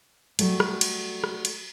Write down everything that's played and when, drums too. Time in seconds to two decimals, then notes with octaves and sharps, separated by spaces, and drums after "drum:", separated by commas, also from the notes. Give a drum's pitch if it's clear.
0.39 F#3 G3 A3, drum: cymbal
0.60 drum: rim click
0.81 drum: cymbal
1.24 drum: rim click
1.45 drum: cymbal